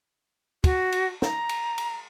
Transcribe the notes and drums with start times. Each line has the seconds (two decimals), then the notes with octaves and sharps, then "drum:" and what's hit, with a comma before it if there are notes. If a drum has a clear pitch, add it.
0.64 F#4, drum: kick, cymbal
0.92 drum: cymbal
1.22 A#5, drum: snare
1.49 drum: cymbal
1.78 drum: cymbal